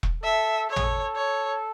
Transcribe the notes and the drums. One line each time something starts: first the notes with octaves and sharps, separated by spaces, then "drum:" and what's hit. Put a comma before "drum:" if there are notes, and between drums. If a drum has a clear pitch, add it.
drum: kick E1
A4 E5
A4 C#5
G#4, drum: tom
A4
C#5